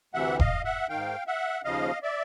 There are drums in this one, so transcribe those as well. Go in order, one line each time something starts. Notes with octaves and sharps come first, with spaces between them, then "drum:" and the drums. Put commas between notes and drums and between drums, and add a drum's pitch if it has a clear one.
D2 C3 E3 E5 F#5
D#5 F5, drum: kick E1
E5 F#5
G#2 D#3 F5 G5
E5 F#5
D#2 C#3 F3 D#5 F5
D5 E5